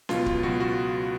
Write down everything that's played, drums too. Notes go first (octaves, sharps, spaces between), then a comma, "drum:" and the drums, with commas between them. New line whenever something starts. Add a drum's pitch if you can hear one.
C#2 B2 F#3 F4, drum: snare C#4
drum: kick
C#2 B2 F#3 F#4
F#4